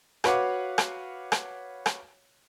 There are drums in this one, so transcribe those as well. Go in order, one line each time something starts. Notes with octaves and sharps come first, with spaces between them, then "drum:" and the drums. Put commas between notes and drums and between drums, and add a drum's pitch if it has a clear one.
F#4 B4 C#5 F5 F#5 D6, drum: rim click
drum: rim click
drum: rim click
drum: rim click